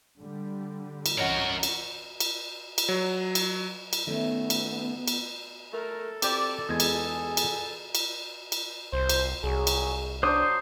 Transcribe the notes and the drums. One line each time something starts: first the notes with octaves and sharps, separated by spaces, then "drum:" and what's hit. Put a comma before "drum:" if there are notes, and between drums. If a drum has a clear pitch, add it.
D3 G3
drum: cymbal
C2 E3 C#4 F#4 A#4 C#5 D#5 F#5
drum: cymbal
drum: cymbal
drum: cymbal
F#3
drum: cymbal
drum: cymbal
D#3 A3 B3 C#4
drum: cymbal
drum: cymbal
A3 A4 A#4
C4 G4 D5, drum: cymbal
E2 G#3 G#4 G#5
drum: cymbal
drum: cymbal
drum: cymbal
drum: cymbal
C2 C5
drum: cymbal
C2 F#3 G#4
drum: cymbal
F#3 D4 C5 D6 D#6